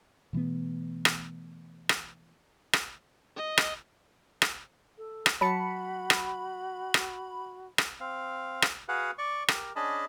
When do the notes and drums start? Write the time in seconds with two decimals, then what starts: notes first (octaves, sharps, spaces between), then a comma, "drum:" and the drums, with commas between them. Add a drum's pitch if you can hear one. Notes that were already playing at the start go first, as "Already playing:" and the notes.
0.33 B2 E3 A3 B3
1.05 drum: rim click
1.89 drum: rim click
2.73 drum: rim click
3.37 D#5
3.58 drum: rim click
4.42 drum: rim click
4.98 A4
5.26 drum: rim click
5.41 F#3 F#4 A5 B5 C#7
6.10 drum: rim click
6.94 drum: rim click
7.78 drum: rim click
8.00 C4 F5
8.62 drum: rim click
8.88 F#4 G#4 B4 F5 F#5
9.18 D5 C#6
9.48 G4 A#4, drum: rim click
9.76 C#4 D4 G#4 D#5 A5 B5